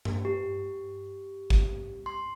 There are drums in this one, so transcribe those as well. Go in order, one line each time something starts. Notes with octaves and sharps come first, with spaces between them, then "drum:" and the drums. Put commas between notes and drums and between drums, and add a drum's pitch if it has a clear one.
drum: tom G2
G4
drum: kick
C6